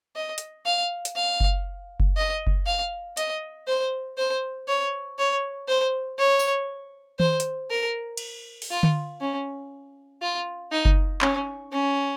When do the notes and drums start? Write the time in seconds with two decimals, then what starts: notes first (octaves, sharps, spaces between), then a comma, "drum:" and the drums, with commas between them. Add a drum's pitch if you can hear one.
0.16 D#5
0.38 drum: hi-hat
0.66 F5
1.05 drum: hi-hat
1.16 F5
1.40 drum: kick F#1
2.00 drum: kick F#1
2.17 D#5
2.47 drum: kick F#1
2.66 F5
3.17 D#5, drum: hi-hat
3.68 C5
4.18 C5
4.68 C#5
5.19 C#5
5.68 C5
6.19 C#5
6.39 drum: tambourine
7.20 C5, drum: tom D#3
7.40 drum: hi-hat
7.71 A#4
8.17 drum: cymbal
8.62 drum: open hi-hat
8.71 F4
8.83 drum: tom D3
9.21 C#4
10.22 F4
10.72 D#4
10.85 drum: kick F#1
11.21 C#4, drum: clap
11.72 C#4